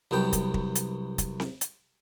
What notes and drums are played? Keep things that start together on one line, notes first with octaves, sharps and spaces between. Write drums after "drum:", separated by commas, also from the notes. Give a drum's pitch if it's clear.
C2 F#2 B3 G5
drum: kick, hi-hat
drum: kick
drum: hi-hat
drum: kick, hi-hat
drum: snare C4
drum: hi-hat